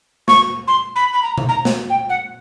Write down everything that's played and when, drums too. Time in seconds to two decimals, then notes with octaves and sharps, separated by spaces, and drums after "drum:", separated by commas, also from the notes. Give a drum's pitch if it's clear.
0.28 C#6, drum: snare
0.68 C6
0.96 B5
1.13 B5
1.23 A#5
1.38 drum: tom B2
1.49 A#5
1.65 drum: snare
1.90 G5
2.09 F#5